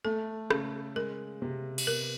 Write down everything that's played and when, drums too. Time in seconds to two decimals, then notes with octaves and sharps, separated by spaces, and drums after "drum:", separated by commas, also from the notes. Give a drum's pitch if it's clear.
0.05 A3 A4
0.51 C#3, drum: rim click
0.96 G#3 A#4
1.42 C3
1.78 drum: cymbal
1.87 B3 A#4